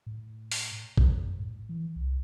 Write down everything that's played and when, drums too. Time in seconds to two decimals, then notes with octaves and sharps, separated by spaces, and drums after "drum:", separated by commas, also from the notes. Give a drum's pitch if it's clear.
0.06 A2
0.52 drum: open hi-hat
0.97 drum: kick A1
1.07 F#2
1.39 A2
1.69 E3
1.96 C2